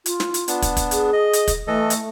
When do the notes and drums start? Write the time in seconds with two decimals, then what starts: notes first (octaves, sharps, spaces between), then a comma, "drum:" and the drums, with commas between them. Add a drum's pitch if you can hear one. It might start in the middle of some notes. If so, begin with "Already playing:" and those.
0.06 F4, drum: hi-hat
0.20 drum: snare
0.34 drum: hi-hat
0.48 B3 D4, drum: hi-hat
0.62 drum: kick, hi-hat
0.77 drum: kick, hi-hat
0.91 G#4, drum: hi-hat
1.13 D#5
1.33 drum: hi-hat
1.48 drum: kick, hi-hat
1.67 E3 A3 A4 D#5
1.90 drum: hi-hat